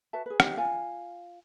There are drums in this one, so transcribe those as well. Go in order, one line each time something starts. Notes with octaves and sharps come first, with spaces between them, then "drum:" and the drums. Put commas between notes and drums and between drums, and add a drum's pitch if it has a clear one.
F#4 B4 E5 A5
G#4 B4
D#4 G4 D#5, drum: rim click
F4 F5 G#5